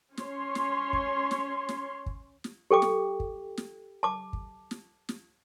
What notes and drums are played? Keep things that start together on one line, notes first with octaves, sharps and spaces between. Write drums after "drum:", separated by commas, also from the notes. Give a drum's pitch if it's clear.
C#4 C#5 C6, drum: snare
drum: snare
drum: kick
drum: snare
drum: snare
drum: kick
drum: snare
G4 A4 G5 D6
drum: snare
drum: kick
drum: snare
A5 D6
drum: kick
drum: snare
drum: snare